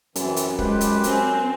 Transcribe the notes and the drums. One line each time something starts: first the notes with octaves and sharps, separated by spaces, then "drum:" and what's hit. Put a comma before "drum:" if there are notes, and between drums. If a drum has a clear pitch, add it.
F#2 C3 E3, drum: hi-hat
drum: hi-hat
G#3 G4 B4 C5, drum: kick
drum: hi-hat
C4 C#4, drum: hi-hat